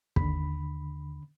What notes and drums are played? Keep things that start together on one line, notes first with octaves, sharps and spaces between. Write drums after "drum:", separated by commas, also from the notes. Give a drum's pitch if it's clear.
D#2 D3 B5, drum: kick